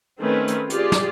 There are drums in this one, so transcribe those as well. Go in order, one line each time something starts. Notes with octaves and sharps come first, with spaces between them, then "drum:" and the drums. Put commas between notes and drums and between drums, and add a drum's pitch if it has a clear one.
D#3 A3 C4 C#4 B4
drum: hi-hat
F4 G4 G#4 D5, drum: hi-hat
drum: snare